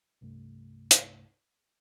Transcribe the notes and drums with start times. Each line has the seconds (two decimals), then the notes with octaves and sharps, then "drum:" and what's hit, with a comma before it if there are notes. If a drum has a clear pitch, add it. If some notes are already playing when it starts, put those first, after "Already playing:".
0.21 C2 G2 C3 A3
0.91 drum: hi-hat